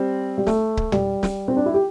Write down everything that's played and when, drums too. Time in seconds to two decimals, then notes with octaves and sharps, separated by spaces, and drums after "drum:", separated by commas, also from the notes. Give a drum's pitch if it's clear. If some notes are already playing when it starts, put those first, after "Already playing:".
Already playing: G3 C4
0.38 G3
0.47 A3, drum: snare
0.77 drum: kick C#1
0.92 G3, drum: tom
1.23 drum: snare
1.48 C4
1.57 D4
1.66 E4
1.74 G4